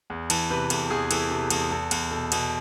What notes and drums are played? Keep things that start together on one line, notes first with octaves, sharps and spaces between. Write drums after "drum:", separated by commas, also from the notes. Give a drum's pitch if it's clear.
E2
E3 A5, drum: cymbal
C3 B4
E2 A4, drum: cymbal
E2 G#4
E3 A4, drum: cymbal
C3 A4
E2 A4, drum: cymbal
E2 A4
E2, drum: cymbal
B2 A4
B2, drum: cymbal